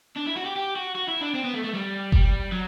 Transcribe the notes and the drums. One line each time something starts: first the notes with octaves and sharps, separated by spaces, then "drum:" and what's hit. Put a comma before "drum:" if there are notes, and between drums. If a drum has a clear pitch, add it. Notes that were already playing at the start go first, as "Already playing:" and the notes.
D4
E4
F#4
G4
G4
F#4
F#4
E4
D4
C4
B3
A3
A3
G3
G3, drum: kick F#1
F#3